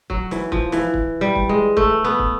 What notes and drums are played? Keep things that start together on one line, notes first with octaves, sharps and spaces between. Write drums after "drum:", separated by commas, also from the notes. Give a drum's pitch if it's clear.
F#3, drum: kick
E3, drum: snare
F3, drum: kick
E3, drum: snare
drum: kick
G3
drum: kick
G#3
A3, drum: kick
B3
drum: kick